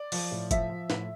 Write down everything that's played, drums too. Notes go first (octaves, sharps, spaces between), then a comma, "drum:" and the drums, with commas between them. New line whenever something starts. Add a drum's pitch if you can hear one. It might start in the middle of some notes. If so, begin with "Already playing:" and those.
Already playing: D5
F3, drum: open hi-hat
A2
F3 E5, drum: kick, hi-hat
F3
A2, drum: snare